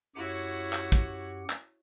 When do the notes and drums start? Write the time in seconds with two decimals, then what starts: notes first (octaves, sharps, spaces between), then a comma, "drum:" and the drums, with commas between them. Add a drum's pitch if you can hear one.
0.15 F#2 E4 F#4 G4 C#5 F#5
0.73 drum: clap
0.92 drum: kick
1.50 drum: clap